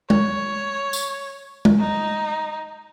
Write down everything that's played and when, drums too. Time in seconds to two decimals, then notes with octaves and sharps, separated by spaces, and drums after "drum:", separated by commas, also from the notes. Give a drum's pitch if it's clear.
0.10 C#5, drum: tom G#3
0.93 drum: tambourine
1.65 drum: tom G#3
1.79 D#4